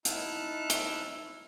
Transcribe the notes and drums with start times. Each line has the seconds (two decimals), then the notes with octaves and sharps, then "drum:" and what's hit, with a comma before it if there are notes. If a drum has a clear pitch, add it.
0.05 D#4 E4 A5 F6 F#6, drum: hi-hat
0.70 drum: hi-hat